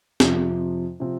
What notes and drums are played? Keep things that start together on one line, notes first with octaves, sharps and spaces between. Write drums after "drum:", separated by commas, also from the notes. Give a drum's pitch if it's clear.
F2 C3 F3, drum: snare
C3 F3 C4